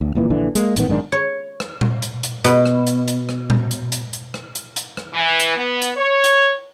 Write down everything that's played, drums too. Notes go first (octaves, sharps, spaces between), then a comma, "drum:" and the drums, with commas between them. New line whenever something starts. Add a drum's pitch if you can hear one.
D2
D#1 A#2 E3
A#1 D3 E3 D4
G#3 A#3, drum: hi-hat
A1 A2 D#3 B3, drum: hi-hat
B1 G#2 D#3 D4
C#5
drum: rim click
drum: tom A#2
drum: hi-hat
drum: hi-hat
B2, drum: hi-hat
drum: rim click
drum: hi-hat
drum: hi-hat
drum: rim click
drum: tom A#2
drum: hi-hat
drum: hi-hat
drum: hi-hat
drum: rim click
drum: hi-hat
drum: hi-hat
drum: rim click
E3
drum: hi-hat
B3
drum: hi-hat
C#5
drum: hi-hat